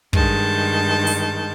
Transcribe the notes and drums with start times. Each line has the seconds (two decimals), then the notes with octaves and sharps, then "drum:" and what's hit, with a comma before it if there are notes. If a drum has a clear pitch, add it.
0.13 G2 D#3 G#3 A5 G6, drum: kick
1.07 drum: open hi-hat